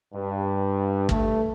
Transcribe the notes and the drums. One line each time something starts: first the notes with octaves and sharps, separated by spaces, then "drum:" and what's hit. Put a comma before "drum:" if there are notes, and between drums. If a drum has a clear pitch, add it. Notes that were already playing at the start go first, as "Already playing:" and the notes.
G2
A3, drum: kick